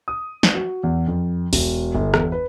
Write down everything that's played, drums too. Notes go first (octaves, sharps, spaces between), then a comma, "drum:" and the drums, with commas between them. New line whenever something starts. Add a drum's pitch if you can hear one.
D#6
drum: snare
F#4
E2
F2
E1, drum: open hi-hat
G1
E2, drum: rim click
B4